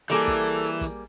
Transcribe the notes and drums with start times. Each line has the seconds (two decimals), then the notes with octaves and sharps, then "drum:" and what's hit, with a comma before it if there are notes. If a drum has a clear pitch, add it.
0.10 E3 G3 A#3 G#4 A4, drum: hi-hat
0.28 drum: kick, hi-hat
0.46 drum: hi-hat
0.63 drum: hi-hat
0.81 drum: kick, hi-hat